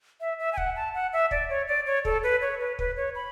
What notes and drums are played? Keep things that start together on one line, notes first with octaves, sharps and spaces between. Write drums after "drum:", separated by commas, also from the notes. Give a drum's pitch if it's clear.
E5
E5
G#5
F#5, drum: kick
A5
F#5
E5
D5, drum: kick
C#5
D5
C#5
A4, drum: kick
B4
C#5
B4
B4, drum: kick
C#5
B5